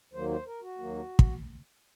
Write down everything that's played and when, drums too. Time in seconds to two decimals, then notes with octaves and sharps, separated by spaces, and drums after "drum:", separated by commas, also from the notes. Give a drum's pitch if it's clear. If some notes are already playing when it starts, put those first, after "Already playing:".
0.14 D#2 D#3 F#3 A#3 C5
0.29 C5
0.46 A#4
0.62 F#4
0.79 D#2 D#3 F#3 A#3
1.19 drum: kick